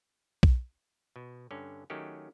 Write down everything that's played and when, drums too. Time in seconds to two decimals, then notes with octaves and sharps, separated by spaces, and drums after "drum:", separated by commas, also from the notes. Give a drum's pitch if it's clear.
0.43 drum: kick B1
1.16 B2
1.51 G2 D3 C#4
1.90 D#3 F#3 A3 C#4 G4